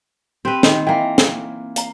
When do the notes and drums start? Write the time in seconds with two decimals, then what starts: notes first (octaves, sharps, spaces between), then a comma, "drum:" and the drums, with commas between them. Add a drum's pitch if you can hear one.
0.45 C4 G4 B4
0.63 D#3, drum: snare
0.87 E3 A#3 G5
1.18 drum: snare
1.76 F5 A#5, drum: hi-hat